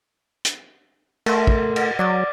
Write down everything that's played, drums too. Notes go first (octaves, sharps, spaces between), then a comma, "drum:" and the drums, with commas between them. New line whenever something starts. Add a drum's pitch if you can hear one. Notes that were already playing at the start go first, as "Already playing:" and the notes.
drum: hi-hat
A3 A#4 C6, drum: cymbal
drum: kick
drum: cymbal
F#3 D5 D6 A6